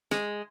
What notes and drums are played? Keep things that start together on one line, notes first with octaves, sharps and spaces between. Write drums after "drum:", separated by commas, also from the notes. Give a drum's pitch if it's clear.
G#3, drum: snare